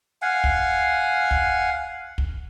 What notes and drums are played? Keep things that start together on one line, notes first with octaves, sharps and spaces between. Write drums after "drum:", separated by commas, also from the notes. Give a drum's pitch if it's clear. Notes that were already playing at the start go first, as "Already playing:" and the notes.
F5 F#5 G#5
drum: kick
drum: kick
drum: kick